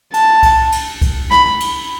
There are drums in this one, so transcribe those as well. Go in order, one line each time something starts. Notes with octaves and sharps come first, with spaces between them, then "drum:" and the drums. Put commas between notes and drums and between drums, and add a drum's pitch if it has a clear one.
A5, drum: cymbal
drum: kick C2, cymbal
drum: cymbal
drum: kick C2, cymbal
B5, drum: snare
drum: cymbal